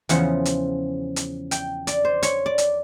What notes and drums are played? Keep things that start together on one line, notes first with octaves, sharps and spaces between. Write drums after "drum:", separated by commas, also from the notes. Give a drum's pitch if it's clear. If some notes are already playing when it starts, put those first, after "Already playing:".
E2 C#3 F3 F#5, drum: hi-hat
drum: hi-hat
drum: hi-hat
G5, drum: hi-hat
D5, drum: hi-hat
C5
C#5, drum: hi-hat
D5
drum: hi-hat